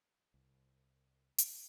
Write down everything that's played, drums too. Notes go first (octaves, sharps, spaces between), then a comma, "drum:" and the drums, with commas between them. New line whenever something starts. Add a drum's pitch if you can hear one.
C2
drum: hi-hat